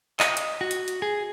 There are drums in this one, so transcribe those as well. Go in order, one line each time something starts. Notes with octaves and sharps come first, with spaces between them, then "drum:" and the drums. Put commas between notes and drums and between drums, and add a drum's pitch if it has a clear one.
D#5, drum: clap
drum: hi-hat
F#4
drum: hi-hat
drum: hi-hat
G#4